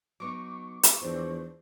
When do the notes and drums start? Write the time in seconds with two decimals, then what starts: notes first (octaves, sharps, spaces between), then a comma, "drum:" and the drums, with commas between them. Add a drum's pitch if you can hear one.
0.20 F#3 B3 D#4 C#6 D6
0.83 drum: hi-hat
1.02 E2 F3 D4 C5